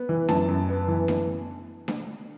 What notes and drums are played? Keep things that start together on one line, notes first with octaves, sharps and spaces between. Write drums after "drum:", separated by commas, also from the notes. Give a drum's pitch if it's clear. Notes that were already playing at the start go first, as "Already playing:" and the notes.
Already playing: B3
E3
F#2 A5, drum: snare D4
F#2
B3
E3
drum: snare D4
drum: snare D4